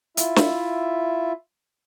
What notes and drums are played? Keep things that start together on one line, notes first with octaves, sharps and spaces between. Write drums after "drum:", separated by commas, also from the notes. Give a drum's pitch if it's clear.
E4 F4 E5, drum: hi-hat
drum: snare